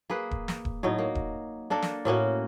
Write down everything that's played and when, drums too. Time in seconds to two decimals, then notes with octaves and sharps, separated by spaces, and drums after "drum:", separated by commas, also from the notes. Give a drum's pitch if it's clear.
0.10 A#3 G#4 B4
0.31 drum: kick D#1
0.48 drum: snare
0.65 drum: kick D#1
0.83 A2 F#3 D#4
0.98 A#3
1.15 drum: kick D#1
1.70 A#3 D4 A4 A#4
1.82 drum: snare
2.05 A2 A#3 C#4 F#4